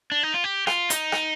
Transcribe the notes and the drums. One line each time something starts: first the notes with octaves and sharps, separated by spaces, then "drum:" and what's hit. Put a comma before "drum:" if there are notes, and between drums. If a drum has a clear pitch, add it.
D4
D#4
F4
G4
F4, drum: rim click
D#4, drum: hi-hat
drum: rim click